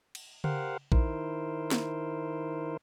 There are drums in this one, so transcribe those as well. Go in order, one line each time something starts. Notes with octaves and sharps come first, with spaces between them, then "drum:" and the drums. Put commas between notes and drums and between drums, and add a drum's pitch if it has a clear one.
drum: cymbal
G4 A#4 C5 F5 F#5, drum: tom C#3
D#3 E4 A#4 C5, drum: kick
drum: snare